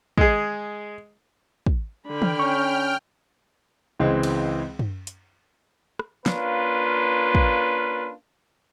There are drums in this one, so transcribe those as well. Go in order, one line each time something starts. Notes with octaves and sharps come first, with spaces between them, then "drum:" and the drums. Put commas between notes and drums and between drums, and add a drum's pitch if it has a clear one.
G#3 G#4, drum: kick
drum: kick
D3 G5 B5 F6
drum: tom D#3
C#4 C#6
C#2 E3 G#3 C4
drum: cymbal
drum: tom F#2
drum: hi-hat
drum: rim click
A#3 C#4 D4 F4 B4, drum: snare
drum: kick